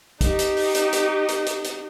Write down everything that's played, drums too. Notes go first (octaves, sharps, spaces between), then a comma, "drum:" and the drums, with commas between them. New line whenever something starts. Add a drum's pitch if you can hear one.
D#4 G4, drum: kick, hi-hat
drum: hi-hat
drum: open hi-hat
drum: hi-hat
drum: hi-hat
drum: hi-hat
drum: hi-hat
drum: hi-hat